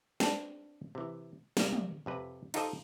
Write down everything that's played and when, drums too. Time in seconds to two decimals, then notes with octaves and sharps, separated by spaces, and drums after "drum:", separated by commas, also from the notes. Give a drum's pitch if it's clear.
0.20 C4 D4 B4 A5, drum: snare
0.95 C3 E3
1.57 C3 G3 A#3, drum: snare
1.73 drum: tom
2.06 F2 C3 B4
2.54 D#4 F4 G4 A4 C5 D#5, drum: cymbal